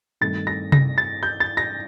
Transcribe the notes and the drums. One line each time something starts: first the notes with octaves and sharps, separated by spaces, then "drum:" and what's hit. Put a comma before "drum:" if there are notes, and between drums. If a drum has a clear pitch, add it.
G2 D#3 A3 C4 A6
A#6
A#6, drum: tom C3
A6
G6
A6
A#6